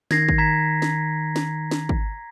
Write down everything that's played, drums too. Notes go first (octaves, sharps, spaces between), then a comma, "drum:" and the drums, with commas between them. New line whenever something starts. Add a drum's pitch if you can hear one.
D#3 G#6 A#6 C7, drum: snare C#4
drum: kick
A#5 G#6 B6
drum: snare C#4
drum: snare C#4
drum: snare C#4
drum: kick